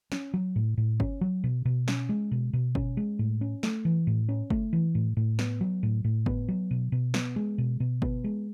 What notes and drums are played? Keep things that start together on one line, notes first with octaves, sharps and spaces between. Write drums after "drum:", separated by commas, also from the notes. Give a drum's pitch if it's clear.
C#4, drum: snare
F#3
A2
A2
C#4, drum: kick G1
F#3
B2
B2
C#4, drum: snare
G#3
B2
B2
C#4, drum: kick G1
G#3
A2
C#4
A3, drum: snare
E3
A2
C#4
A3, drum: kick G1
E3
A2
A2
B3, drum: snare
F#3
A2
A2
B3, drum: kick G1
F#3
B2
B2
B3, drum: snare
G#3
B2
B2
B3, drum: kick G1
G#3